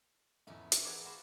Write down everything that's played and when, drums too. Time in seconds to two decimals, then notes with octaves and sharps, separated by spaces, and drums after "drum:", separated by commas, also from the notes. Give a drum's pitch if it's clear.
0.47 E2 G#2 A3 B3 C#4 E4
0.72 E3 D4, drum: hi-hat
0.85 G#4 A#4 B4 F#5 A5 D6
1.05 F4 F#4 C5 F#5 B5